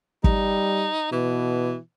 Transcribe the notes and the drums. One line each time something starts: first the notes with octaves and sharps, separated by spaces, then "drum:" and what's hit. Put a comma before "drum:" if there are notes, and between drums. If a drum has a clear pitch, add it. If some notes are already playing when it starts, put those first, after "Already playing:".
G3 D#4, drum: kick
B2 E3